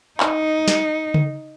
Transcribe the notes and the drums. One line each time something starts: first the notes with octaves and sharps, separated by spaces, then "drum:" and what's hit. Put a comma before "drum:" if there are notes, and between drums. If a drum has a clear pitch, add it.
D#4, drum: clap
drum: snare
drum: tom C#3